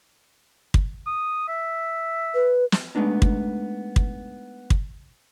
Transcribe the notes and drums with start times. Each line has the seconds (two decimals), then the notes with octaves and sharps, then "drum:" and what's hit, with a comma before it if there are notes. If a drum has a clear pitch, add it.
0.74 drum: kick
1.07 D#6
1.48 E5
2.35 B4
2.72 drum: snare
2.95 G#3 A3 B3 D4 D#4
3.22 drum: kick
3.96 drum: kick
4.70 drum: kick